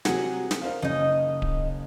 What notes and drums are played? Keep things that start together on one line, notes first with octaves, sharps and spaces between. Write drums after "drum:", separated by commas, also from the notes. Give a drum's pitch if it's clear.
C3 F#3 G#4 A#4 F#5, drum: snare
drum: snare
A#4 C5 F5
F#1 C#4 D#4 D#5
drum: kick D1